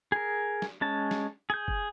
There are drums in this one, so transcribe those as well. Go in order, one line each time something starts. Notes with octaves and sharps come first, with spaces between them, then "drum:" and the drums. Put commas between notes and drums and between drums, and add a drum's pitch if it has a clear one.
G#4 A#4
drum: snare
G#3 C#4 A5
drum: snare
G#4 G6
drum: kick